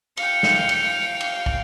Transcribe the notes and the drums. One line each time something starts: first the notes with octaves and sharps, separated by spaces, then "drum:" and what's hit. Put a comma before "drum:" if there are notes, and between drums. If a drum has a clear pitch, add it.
F5 G5 C#7, drum: cymbal
drum: snare
drum: cymbal
drum: cymbal
drum: kick